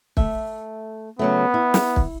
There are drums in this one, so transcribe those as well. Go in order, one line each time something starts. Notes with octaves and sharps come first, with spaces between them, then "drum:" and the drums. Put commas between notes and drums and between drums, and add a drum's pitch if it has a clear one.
A3 E5, drum: kick
C#3 F#3 A3 B3
E4
drum: snare
drum: kick